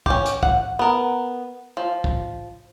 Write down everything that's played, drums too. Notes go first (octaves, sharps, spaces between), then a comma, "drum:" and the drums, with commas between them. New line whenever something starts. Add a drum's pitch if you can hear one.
C#4 G4, drum: kick
drum: hi-hat
F#5, drum: kick
B3 A#4
F3
drum: kick